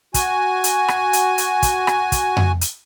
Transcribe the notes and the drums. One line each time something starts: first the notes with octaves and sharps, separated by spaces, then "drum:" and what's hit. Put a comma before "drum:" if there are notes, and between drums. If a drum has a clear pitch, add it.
F#4 G#5, drum: kick, hi-hat
drum: hi-hat
drum: rim click
drum: hi-hat
drum: hi-hat
drum: kick, hi-hat
drum: rim click
drum: kick, hi-hat
drum: tom F2
drum: hi-hat